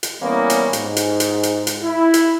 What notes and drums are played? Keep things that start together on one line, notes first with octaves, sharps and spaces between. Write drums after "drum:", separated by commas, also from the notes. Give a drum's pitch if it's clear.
drum: hi-hat
E3 G3 A#3 B3 C#4
drum: hi-hat
G#2, drum: hi-hat
drum: hi-hat
drum: hi-hat
drum: hi-hat
drum: hi-hat
E4
drum: hi-hat